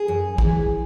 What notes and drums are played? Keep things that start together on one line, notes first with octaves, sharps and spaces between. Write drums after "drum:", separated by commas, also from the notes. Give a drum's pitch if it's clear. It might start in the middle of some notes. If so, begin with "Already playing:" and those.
Already playing: G#4
F#2
E3, drum: kick